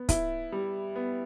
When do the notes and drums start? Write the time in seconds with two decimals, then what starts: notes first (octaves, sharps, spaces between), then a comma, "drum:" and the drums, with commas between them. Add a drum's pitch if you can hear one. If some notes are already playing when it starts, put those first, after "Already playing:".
Already playing: B3
0.09 E4, drum: kick, hi-hat
0.52 G3
0.96 B3